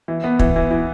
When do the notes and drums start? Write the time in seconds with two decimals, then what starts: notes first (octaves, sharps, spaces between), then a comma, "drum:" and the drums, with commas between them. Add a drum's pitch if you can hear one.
0.08 E3
0.24 B3
0.39 E3, drum: kick
0.56 E3
0.71 E3